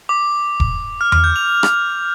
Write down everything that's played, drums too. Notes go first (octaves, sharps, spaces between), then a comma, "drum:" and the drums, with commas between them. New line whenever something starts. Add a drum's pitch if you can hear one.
D6
drum: kick E1
F6
F6, drum: tom E2
G6
F7
drum: rim click